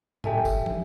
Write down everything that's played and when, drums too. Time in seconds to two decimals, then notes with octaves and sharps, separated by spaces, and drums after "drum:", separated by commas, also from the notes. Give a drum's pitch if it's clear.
0.24 G4 A4 E5 G#5, drum: tom
0.45 drum: kick, tambourine
0.66 drum: tom